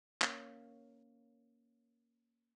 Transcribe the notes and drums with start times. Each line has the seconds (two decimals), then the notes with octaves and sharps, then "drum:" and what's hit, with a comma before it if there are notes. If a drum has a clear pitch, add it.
0.22 A#3 C#4 A#4 C#5 F5, drum: clap